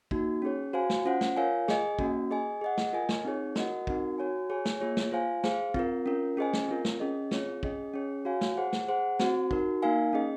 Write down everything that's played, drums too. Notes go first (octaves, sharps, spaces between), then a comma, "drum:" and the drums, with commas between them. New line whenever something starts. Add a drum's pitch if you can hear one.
A#3 D#4 F#4, drum: kick
C#4 G#4 C#5
F#4 C5 F5 G#5
drum: snare
C#4 F4 C5 F#5
drum: snare
F4 A#4 C#5 F5 G#5
G#4 D#5 G#5, drum: snare
A#3 C#4 F#4, drum: kick
G#4 D#5 G#5
G#4 D#5 F#5
drum: snare
F4 A#4 D#5 G#5
drum: snare
C4 D#4 G#4 C#5
F#4 A#4 D#5 F#5, drum: snare
C4 D#4 F#4 A#4, drum: kick
F#4 C#5 G#5
G#4 C#5 G#5
drum: snare
A#3 F4 G#4 C#5
drum: snare
F4 C5 F5 G#5
G#4 C5 F5, drum: snare
C4 F4 A#4, drum: kick
C#4 F4 A#4
C#4 G#4 C5 D#5 G#5
drum: snare
C4 F4 A#4
drum: snare
C#4 G#4 D#5
C4 F4 G#4 C#5, drum: snare
C#4 G#4 D#5, drum: kick
C#4 G#4 C#5
F#4 C#5 F5 G#5
drum: snare
G#4 C5 F#5
drum: snare
G#4 C5 F#5
C4 F#4 C5, drum: snare
D#4 F#4 A#4, drum: kick
A#3 D#4 A#4 F5 G#5
C#4 G#4 D#5